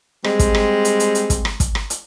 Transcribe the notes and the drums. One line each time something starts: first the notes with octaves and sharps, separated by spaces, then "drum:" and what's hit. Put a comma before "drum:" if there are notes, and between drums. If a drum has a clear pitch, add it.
G3 G#3 C4, drum: rim click
drum: kick, hi-hat
drum: rim click
drum: hi-hat
drum: hi-hat
drum: hi-hat
drum: kick, hi-hat
drum: rim click
drum: kick, hi-hat
drum: rim click
drum: hi-hat